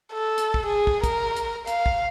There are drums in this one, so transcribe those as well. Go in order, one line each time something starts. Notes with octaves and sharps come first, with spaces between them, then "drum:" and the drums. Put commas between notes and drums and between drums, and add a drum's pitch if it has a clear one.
A4
drum: hi-hat
drum: kick
G#4
drum: kick
A#4, drum: kick, hi-hat
drum: hi-hat
F5, drum: hi-hat
drum: kick